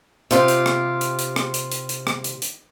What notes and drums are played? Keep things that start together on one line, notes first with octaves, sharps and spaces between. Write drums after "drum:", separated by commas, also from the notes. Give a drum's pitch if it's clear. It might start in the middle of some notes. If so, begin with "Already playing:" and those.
C3 F4 G4, drum: hi-hat
drum: hi-hat
drum: rim click
drum: hi-hat
drum: hi-hat
drum: rim click
drum: hi-hat
drum: hi-hat
drum: hi-hat
drum: rim click
drum: hi-hat
drum: hi-hat